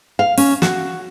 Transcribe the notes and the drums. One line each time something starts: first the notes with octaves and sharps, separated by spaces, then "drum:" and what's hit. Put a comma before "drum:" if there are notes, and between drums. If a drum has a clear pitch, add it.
F5
C#4, drum: open hi-hat
F#4, drum: snare